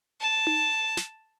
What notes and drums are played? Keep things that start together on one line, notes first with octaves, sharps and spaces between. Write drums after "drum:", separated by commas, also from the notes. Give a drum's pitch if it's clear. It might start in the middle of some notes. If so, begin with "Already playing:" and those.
A5
drum: tom D#4
drum: snare